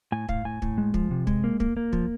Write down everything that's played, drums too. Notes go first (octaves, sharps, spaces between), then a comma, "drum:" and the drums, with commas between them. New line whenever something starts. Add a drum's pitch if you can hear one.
A2 G#5
A2 F5, drum: kick
A2 G#5
A2, drum: kick
G#3
F3, drum: kick
C3
G#3, drum: kick
A#3
A#3, drum: kick
A#3
F3, drum: kick